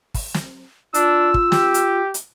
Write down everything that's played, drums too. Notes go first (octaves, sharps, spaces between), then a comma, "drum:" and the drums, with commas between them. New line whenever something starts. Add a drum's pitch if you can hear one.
drum: kick, open hi-hat
drum: snare
D4 F4 E6, drum: hi-hat
drum: kick
G4, drum: snare
drum: hi-hat
drum: hi-hat